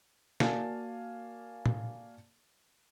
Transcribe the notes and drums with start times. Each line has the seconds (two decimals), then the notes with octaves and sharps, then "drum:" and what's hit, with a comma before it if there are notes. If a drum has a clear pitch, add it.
0.40 A#3 F#4 D5 F5 G#5 A5, drum: snare
1.66 drum: tom A2